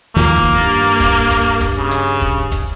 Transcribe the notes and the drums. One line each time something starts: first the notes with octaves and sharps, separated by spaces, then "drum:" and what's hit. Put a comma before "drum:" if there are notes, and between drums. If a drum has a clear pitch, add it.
D#2 D#3 F3 A#3
drum: kick
G2
drum: kick, hi-hat
drum: kick, hi-hat
drum: kick, hi-hat
C#3
drum: hi-hat
drum: kick
drum: kick, hi-hat